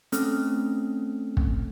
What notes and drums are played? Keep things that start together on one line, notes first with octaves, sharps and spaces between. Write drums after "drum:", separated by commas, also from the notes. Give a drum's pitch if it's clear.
A3 C4 C#4 A4 F6, drum: hi-hat
drum: kick